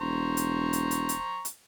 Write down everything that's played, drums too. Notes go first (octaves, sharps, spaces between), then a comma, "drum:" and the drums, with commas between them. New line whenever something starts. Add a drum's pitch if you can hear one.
E1 C5 A#5 C#6
drum: hi-hat
drum: hi-hat
drum: hi-hat
drum: hi-hat
drum: hi-hat